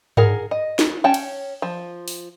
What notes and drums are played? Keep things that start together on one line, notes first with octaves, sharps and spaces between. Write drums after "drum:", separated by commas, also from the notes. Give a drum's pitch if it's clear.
G#4 A#4 F#5, drum: tom G2
D#5
drum: snare
C#4 G5 A5
drum: cymbal
F3
drum: open hi-hat